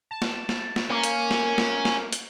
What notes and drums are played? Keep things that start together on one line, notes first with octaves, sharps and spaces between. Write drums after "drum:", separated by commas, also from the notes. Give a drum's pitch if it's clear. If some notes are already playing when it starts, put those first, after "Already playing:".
A5
drum: snare
drum: snare
drum: snare
A#3 C#4
drum: hi-hat
drum: snare
drum: snare
drum: snare
drum: hi-hat